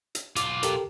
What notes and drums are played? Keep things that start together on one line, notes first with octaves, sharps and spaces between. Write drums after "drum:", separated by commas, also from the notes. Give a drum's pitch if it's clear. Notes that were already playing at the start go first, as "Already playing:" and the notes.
drum: hi-hat
B1 F4 D6, drum: hi-hat
G4 A4 A#4, drum: hi-hat